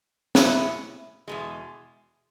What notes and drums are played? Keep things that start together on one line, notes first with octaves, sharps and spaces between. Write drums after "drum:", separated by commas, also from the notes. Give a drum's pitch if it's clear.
E2 B2 G#3 C#4 E4, drum: snare
E2 B2 G#3